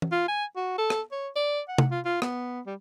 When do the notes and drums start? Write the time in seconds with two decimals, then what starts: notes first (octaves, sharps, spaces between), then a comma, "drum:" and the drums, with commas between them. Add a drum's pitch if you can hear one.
0.02 drum: tom
0.12 F4
0.28 G#5
0.56 F#4
0.78 A4
0.90 drum: rim click
1.12 C#5
1.36 D5
1.68 F#5
1.78 drum: tom
1.91 F4
2.05 F4
2.22 B3, drum: rim click
2.67 G3